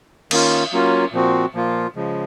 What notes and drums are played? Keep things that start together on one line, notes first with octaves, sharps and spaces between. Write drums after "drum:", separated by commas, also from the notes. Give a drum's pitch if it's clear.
D#3 A#3 C#4 F4, drum: cymbal
F#3 A#3 C#4 F4
A#2 F3 C4 F#4
A#2 F3 A#3 F4
C#3 F3 G#3